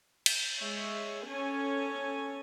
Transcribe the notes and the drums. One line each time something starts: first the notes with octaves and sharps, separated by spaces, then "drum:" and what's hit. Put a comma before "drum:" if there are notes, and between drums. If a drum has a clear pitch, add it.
drum: cymbal
G#3 C#5 E5
C#4 A4 G#5